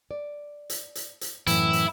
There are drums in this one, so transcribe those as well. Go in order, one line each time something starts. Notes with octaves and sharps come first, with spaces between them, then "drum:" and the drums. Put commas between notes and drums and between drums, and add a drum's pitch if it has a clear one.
D5
drum: hi-hat
drum: hi-hat
drum: hi-hat
F#2 A2 E3 E4, drum: hi-hat
drum: hi-hat